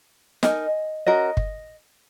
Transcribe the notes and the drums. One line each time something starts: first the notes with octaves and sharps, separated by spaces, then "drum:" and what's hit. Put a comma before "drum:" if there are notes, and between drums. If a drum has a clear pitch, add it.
D#4 A#4 D#5 G#5, drum: snare
C#4 F#4 A#4 D#5
drum: kick